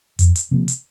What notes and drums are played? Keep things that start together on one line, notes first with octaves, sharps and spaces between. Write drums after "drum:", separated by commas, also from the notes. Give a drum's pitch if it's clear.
F2, drum: hi-hat
drum: hi-hat
C3 F3 A#3
drum: hi-hat